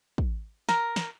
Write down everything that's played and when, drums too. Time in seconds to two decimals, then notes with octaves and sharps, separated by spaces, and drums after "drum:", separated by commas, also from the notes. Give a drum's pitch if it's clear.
0.18 drum: kick
0.69 A#4, drum: snare
0.96 drum: snare